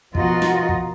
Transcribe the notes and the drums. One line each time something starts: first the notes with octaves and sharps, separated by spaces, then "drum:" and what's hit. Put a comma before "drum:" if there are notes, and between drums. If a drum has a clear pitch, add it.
B2 F3 F4 F#4 A#4 D#5, drum: kick
drum: snare
drum: kick